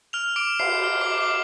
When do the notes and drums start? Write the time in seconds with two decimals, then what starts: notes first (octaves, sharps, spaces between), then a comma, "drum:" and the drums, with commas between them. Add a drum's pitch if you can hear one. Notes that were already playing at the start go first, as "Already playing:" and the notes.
0.13 F6 F7
0.36 D6 D7
0.59 C7, drum: cymbal
0.84 F6
1.01 D6
1.18 D6